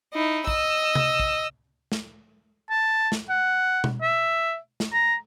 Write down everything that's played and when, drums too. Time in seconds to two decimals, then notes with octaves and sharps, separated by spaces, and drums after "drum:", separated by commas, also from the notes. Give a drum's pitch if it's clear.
0.14 D#4 E4
0.47 D#5 E6, drum: kick A#1
0.95 drum: tom C3
1.19 drum: kick A#1
1.92 drum: snare
2.70 A5
3.12 drum: snare
3.29 F#5
3.84 drum: tom B2
4.02 E5
4.80 drum: snare
4.93 A#5